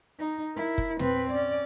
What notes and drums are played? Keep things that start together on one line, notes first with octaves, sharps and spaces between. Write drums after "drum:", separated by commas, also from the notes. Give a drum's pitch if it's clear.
D#4
E4 A#4
drum: kick
C4 B4, drum: tom
C#4 D5